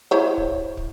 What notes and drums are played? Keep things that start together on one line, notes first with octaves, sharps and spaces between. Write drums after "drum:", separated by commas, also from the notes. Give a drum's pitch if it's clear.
E4 C5 C#5
drum: kick
drum: kick